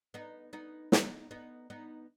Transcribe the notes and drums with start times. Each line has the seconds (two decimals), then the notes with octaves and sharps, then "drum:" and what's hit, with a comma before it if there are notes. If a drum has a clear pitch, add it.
0.14 B3 D#4
0.53 B3 D#4
0.92 B3 D#4, drum: snare
1.31 B3 D#4
1.70 B3 D#4